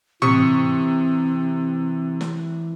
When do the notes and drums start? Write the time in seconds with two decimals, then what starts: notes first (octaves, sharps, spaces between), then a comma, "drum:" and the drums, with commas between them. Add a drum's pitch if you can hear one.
0.22 C3 E3 C4 C#6 D#6, drum: tom
2.21 drum: snare